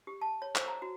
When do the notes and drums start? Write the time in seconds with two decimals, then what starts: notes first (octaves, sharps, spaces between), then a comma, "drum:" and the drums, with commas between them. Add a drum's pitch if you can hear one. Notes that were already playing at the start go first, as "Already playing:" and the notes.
0.07 G4
0.21 A5
0.42 C#5
0.55 C5, drum: clap
0.68 A#5
0.82 F#4